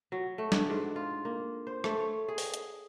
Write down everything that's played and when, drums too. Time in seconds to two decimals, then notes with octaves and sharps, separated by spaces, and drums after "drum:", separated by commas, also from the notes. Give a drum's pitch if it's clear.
0.12 F#3
0.38 A3
0.52 D4, drum: snare
0.70 G#2
0.96 F4
1.25 A#3
1.67 C5
1.84 A3, drum: rim click
2.00 C#5
2.28 G#4
2.38 drum: open hi-hat
2.54 drum: hi-hat